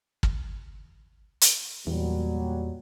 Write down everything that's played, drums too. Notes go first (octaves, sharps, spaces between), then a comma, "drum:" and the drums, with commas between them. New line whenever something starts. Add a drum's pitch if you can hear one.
drum: kick
drum: hi-hat
E2 A#2 F#3 G3